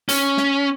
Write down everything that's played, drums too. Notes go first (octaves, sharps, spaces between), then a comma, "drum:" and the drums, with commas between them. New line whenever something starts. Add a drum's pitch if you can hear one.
C#4, drum: hi-hat
drum: snare